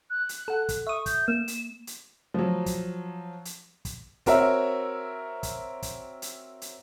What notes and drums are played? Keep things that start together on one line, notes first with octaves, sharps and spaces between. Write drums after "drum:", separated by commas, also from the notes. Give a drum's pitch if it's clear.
F#6
drum: hi-hat
A4 F#5
drum: kick, hi-hat
E5 C#6 D#6
G6, drum: kick, hi-hat
A#3 E7
drum: hi-hat
drum: hi-hat
F3 F#3
drum: kick, hi-hat
drum: hi-hat
drum: kick, hi-hat
C4 F#4 A#4 C#5 E5, drum: kick, hi-hat
drum: kick, hi-hat
drum: kick, hi-hat
drum: hi-hat
drum: hi-hat